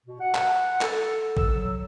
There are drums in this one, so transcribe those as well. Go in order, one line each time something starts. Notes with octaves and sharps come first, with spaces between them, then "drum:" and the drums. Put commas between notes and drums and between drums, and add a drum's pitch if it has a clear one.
B2
F#5
drum: clap
A4, drum: clap
E6, drum: kick
F#3